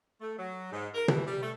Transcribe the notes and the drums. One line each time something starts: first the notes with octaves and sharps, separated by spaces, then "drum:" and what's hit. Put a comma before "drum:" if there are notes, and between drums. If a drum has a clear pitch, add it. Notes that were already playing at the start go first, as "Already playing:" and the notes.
A3
F#3
G#2
A#4
E3, drum: tom
G3
A3